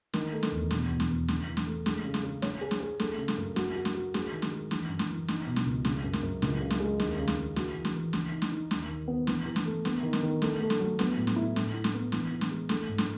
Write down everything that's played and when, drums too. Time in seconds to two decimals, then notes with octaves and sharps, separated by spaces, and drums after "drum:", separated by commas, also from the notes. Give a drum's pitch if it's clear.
0.13 D#3, drum: snare
0.33 A3
0.43 drum: snare
0.52 E2
0.71 B2, drum: snare
0.90 E2
1.00 drum: snare
1.10 E2
1.28 C#3, drum: snare
1.47 E3
1.57 drum: snare
1.67 A3
1.86 G#3, drum: snare
2.04 C#3
2.14 drum: snare
2.23 C#3
2.42 C#5, drum: snare
2.61 G#4
2.71 drum: snare
2.80 G#4
3.00 A3, drum: snare
3.18 C#3
3.28 drum: snare
3.37 F#2
3.56 F#4, drum: snare
3.76 F#4
3.85 drum: snare
3.95 F#4
4.14 G#4, drum: snare
4.32 D#3
4.42 drum: snare
4.52 G#3
4.71 E3, drum: snare
4.89 F#2
4.99 drum: snare
5.09 E3
5.28 D#4, drum: snare
5.47 B2
5.56 drum: snare
5.66 C#2
5.85 C#3, drum: snare
6.04 F#2
6.13 drum: snare
6.23 F#2
6.42 C#2, drum: snare
6.60 C#3
6.70 drum: snare
6.80 G#3
7.00 D#2, drum: snare
7.18 C#3
7.28 drum: snare
7.37 C#3
7.56 F#4, drum: snare
7.75 E3
7.85 drum: snare
7.95 E3
8.13 C#3, drum: snare
8.32 D#4
8.42 drum: snare
8.52 D#4
8.71 D#2, drum: snare
8.89 D#3
9.08 B3
9.27 E3, drum: snare
9.46 E3
9.56 drum: snare
9.65 A3
9.85 B3, drum: snare
10.03 D#3
10.13 drum: snare
10.23 D#3
10.42 A3, drum: snare
10.61 A3
10.70 drum: snare
10.80 F#3
10.99 B3, drum: snare
11.17 A2
11.27 drum: snare
11.36 E4
11.56 A2, drum: snare
11.74 E4
11.84 drum: snare
11.94 B3
12.12 E3, drum: snare
12.32 E3
12.41 drum: snare
12.51 G#3
12.69 A3, drum: snare
12.88 G#2
12.98 drum: snare